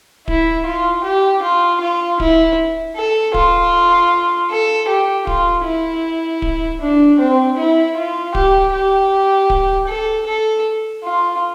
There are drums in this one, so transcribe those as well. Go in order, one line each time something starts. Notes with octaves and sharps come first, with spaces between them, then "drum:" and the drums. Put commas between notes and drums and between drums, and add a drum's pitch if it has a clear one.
E4, drum: kick D1
F4
G4
F4
F4
E4, drum: kick D1
A4
F4, drum: kick D1
A4
G4
F4, drum: kick D1
E4
drum: kick D1
D4
C4
E4
F4
G4, drum: kick D1
G4
drum: kick D1
A4
A4
F4